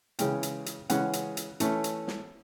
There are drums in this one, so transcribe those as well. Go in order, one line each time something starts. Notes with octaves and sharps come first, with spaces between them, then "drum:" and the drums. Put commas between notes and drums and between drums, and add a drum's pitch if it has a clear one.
C#3 E3 G#3 C#4 G5, drum: hi-hat
drum: hi-hat
drum: hi-hat
C#3 E3 G#3 C#4 F#5, drum: hi-hat
drum: hi-hat
drum: hi-hat
E3 A3 C#4, drum: hi-hat
drum: hi-hat
drum: snare